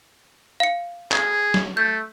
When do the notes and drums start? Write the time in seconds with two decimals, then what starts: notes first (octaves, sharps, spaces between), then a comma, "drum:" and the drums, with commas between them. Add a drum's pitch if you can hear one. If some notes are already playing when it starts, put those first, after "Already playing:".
0.60 F5 C#7
1.12 G#4, drum: clap
1.54 drum: snare
1.77 A3 G6